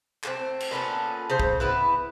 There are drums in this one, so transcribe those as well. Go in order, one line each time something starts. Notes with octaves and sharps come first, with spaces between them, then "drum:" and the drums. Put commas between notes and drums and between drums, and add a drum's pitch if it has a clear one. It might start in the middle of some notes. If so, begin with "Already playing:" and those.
A3 C4, drum: clap
drum: cymbal
A#2 B3 C#4 A4
C#3 C5
drum: kick
B3 E4 B4